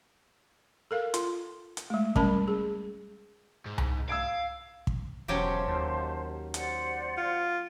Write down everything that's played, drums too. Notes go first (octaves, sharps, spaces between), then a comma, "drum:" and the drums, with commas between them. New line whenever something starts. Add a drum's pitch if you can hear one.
A4 A#4 F5
F4, drum: hi-hat
drum: hi-hat
G#3 A3
G3 C#4 A#4 A5 B5, drum: kick
G#4
G#2
drum: tom C2
F5 E6 G#6 D7
drum: kick
E1 F#3 C#4 G4 C5 A5
D#2
C5 D5 F#5, drum: hi-hat
F4